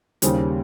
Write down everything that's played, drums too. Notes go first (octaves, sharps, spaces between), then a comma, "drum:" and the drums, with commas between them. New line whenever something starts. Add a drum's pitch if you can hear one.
D#2 C#3 G3 C5, drum: hi-hat